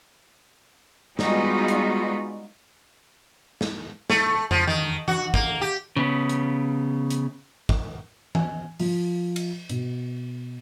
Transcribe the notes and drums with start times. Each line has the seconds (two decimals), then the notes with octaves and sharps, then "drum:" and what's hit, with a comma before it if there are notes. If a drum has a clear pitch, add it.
1.19 G3 G#3 B3 D#4 F4 F#4, drum: snare
1.68 drum: hi-hat
3.61 drum: snare
4.10 A3, drum: snare
4.51 F3, drum: tom
4.67 D#3, drum: tom E3
5.08 F#4, drum: tom E3
5.34 A#3, drum: kick
5.61 G4
5.96 C#3 B3
6.29 drum: hi-hat
7.10 drum: hi-hat
7.69 drum: kick
8.35 G#5, drum: tom E3
8.80 F3, drum: open hi-hat
9.36 drum: cymbal
9.70 B2, drum: hi-hat